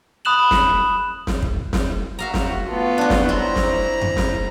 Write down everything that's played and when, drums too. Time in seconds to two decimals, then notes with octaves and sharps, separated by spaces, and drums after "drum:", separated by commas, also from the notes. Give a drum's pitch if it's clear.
0.25 B5 D#6 F#6 E7 F#7
0.51 drum: snare
1.27 drum: snare
1.42 drum: kick
1.73 drum: snare
2.19 F#4 E5 F5 A#5
2.34 drum: snare
2.67 A3 B3 F4
2.98 D4 F#4
3.10 drum: snare
3.29 C4 E4 A#5
3.56 drum: snare
4.01 drum: tom F2
4.17 drum: snare